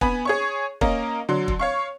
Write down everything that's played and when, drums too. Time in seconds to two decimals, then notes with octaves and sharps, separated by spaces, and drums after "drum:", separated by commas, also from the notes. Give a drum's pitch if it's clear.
0.01 B3 G#5 B5, drum: kick
0.25 G#4 C#5 C#6
0.81 A#3 C#4 A#4 D#5, drum: kick
1.29 D3 F#3 C6
1.48 drum: kick
1.59 C#5 F5 C#6